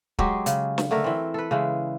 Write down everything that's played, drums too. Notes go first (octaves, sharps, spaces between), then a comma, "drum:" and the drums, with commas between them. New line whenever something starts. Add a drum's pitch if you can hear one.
F#3 G#3 G4 G#4, drum: kick
C#3, drum: hi-hat
drum: snare
D3 A3 A#4
E3 C4
A4 B4
C#3 E3 G#3